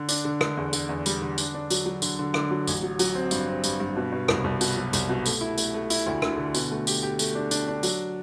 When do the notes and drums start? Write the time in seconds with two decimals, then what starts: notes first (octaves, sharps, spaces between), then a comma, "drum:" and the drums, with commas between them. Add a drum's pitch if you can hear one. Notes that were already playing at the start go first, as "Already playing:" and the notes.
Already playing: D3
0.09 D4, drum: tambourine
0.25 D3
0.41 D3, drum: rim click
0.57 E2
0.73 D3, drum: tambourine
0.89 E2
1.06 G3, drum: tambourine
1.22 D3
1.38 D4, drum: tambourine
1.54 D4
1.70 F#3, drum: tambourine
1.86 F#3
2.02 D3, drum: tambourine
2.19 D3
2.34 D3, drum: rim click
2.51 F#3
2.67 A1, drum: tambourine
2.83 F#3
2.99 F#3, drum: tambourine
3.15 C4
3.31 G2, drum: tambourine
3.47 C4
3.64 G2, drum: tambourine
3.80 G2
3.96 B2
4.12 B2
4.28 C2, drum: rim click
4.44 C2
4.61 B2, drum: tambourine
4.77 F#3
4.93 C2, drum: tambourine
5.09 B2
5.26 A3, drum: tambourine
5.41 E4
5.58 A3, drum: tambourine
5.74 A3
5.90 E4, drum: tambourine
6.06 D2
6.22 D3, drum: rim click
6.38 D3
6.54 B2, drum: tambourine
6.71 A3
6.87 G4, drum: tambourine
7.03 G4
7.19 A3, drum: tambourine
7.35 D4
7.51 D4, drum: tambourine
7.68 D4
7.83 F#3, drum: tambourine